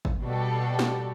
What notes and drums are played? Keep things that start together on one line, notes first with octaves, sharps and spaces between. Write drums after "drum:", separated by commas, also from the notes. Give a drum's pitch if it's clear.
drum: kick
B2 G3 F#4 G4 A4
drum: snare